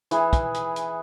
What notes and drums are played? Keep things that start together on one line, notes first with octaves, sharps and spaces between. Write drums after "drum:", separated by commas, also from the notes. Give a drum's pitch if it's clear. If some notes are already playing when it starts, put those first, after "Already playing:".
E3 E4 G#4, drum: hi-hat
drum: kick, hi-hat
drum: hi-hat
drum: hi-hat